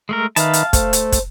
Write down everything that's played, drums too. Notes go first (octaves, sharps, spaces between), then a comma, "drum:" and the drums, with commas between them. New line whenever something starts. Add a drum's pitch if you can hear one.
G#3 A3 A#4
D#3 B4 E5 F5 A5, drum: hi-hat
drum: hi-hat
A3 C5, drum: kick, hi-hat
drum: hi-hat
drum: kick, hi-hat